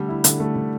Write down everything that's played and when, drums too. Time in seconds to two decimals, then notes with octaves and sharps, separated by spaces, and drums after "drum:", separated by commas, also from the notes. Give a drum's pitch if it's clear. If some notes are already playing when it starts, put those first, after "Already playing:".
Already playing: D3 G3 A3
0.09 E4
0.24 D3, drum: hi-hat
0.40 A3
0.56 D3